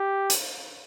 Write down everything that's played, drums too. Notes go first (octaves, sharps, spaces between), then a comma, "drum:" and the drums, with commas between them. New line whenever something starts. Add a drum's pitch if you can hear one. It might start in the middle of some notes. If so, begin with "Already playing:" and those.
Already playing: G4
drum: hi-hat